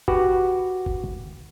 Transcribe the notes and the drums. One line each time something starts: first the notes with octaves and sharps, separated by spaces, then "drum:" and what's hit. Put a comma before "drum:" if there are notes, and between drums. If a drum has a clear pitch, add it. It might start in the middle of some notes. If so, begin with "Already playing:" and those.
F#4 G4 B4, drum: kick
drum: kick